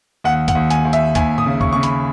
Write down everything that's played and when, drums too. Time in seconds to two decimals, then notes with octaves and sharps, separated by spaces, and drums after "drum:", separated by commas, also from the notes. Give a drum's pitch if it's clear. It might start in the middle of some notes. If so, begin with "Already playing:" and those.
0.24 D#2 F#5
0.48 F#5, drum: kick, hi-hat
0.55 D#2
0.70 G#5, drum: hi-hat
0.85 D#2
0.93 E5, drum: hi-hat
1.15 D#2 G#5, drum: kick, hi-hat
1.38 D#6, drum: tom
1.46 C#3
1.61 C#6, drum: kick
1.73 C#3 C#6
1.83 B5, drum: hi-hat